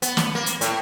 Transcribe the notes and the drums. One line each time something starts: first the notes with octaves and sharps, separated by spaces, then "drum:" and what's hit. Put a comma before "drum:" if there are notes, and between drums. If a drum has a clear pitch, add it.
B3, drum: hi-hat
drum: snare
A#3
drum: hi-hat
A2, drum: hi-hat